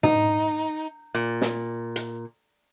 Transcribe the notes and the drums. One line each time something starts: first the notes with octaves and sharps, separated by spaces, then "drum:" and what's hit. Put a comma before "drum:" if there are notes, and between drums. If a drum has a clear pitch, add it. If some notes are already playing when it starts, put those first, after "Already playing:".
D#4, drum: tom
A#2
drum: snare
drum: hi-hat